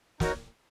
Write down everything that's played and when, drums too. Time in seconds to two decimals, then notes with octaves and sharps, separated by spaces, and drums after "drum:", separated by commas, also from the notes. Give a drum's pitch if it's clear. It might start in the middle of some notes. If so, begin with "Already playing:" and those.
0.20 D#4 F#4 A#4 C#5, drum: snare